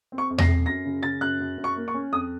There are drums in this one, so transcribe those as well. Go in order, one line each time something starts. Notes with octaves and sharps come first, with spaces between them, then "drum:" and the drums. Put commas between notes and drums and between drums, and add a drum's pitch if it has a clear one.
C4
C#6
F2
A#6, drum: tom E2
C7
F2
F#2 A#6
C#3
C#3 A6
F#2 F#6
F#2
F#2
C#6
A#3
C#6
C#4
F2 D#6